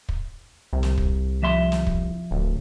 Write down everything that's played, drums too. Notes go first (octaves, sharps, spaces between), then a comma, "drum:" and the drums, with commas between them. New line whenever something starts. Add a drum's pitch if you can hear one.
drum: kick
C2
drum: snare
drum: kick
F3 E5 C6
drum: snare
drum: kick
D1